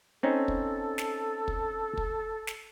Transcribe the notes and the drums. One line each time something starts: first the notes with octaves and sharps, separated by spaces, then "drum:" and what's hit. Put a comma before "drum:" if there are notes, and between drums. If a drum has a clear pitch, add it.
C4 C#4 D#4 A4
drum: kick
drum: snare
drum: kick
drum: kick
drum: snare